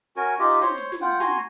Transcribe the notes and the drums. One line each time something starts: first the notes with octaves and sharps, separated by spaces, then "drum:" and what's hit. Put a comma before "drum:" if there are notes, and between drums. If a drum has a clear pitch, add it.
C#4 F#4 A#4 G#5
D#4 F4 G4 D#5
drum: hi-hat
C5 C#5 C6, drum: snare
drum: open hi-hat
drum: snare
F4 F#5 G5
F#4 G#5 A#5 C6, drum: snare